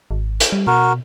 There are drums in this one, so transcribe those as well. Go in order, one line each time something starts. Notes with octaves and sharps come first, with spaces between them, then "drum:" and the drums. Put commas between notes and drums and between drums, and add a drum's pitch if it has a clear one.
G#1
drum: hi-hat
G3
B2 F#4 A#4